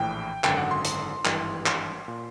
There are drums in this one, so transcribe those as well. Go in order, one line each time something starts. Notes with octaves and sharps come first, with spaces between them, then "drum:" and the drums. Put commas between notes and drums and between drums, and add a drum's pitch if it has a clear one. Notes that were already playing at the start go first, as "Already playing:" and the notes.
Already playing: A#1 A2 E3 G5
G#1 F#2 D3 G5, drum: clap
F#5
C6
drum: hi-hat
G#1 G2 E3, drum: clap
C6, drum: clap
A#2